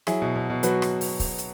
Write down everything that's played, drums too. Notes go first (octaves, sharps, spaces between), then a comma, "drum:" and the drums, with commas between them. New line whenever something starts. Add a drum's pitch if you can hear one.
F#3 E4 G#4, drum: rim click
B2
B2
B2
F#3 F#4 B4, drum: hi-hat
drum: rim click
drum: open hi-hat
drum: kick, open hi-hat
drum: hi-hat